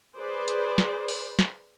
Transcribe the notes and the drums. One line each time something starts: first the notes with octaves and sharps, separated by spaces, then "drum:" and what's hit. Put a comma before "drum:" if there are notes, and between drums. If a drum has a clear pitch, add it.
G#4 B4 C5 D5
drum: hi-hat
drum: snare
drum: open hi-hat
drum: snare